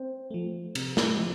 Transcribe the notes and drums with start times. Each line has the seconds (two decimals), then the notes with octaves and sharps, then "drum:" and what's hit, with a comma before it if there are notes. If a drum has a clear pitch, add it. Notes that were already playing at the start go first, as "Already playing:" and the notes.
Already playing: C4
0.31 F3 A3
0.75 C3, drum: cymbal
0.97 drum: snare
1.19 F3